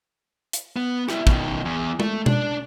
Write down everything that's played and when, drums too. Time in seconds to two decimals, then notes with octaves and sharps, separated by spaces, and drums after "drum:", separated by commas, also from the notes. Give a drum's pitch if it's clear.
0.53 drum: hi-hat
0.76 B3
1.09 E4 G4, drum: rim click
1.27 B2 D#3, drum: kick
1.65 E2
2.00 A3, drum: tom G#3
2.26 D4, drum: tom B2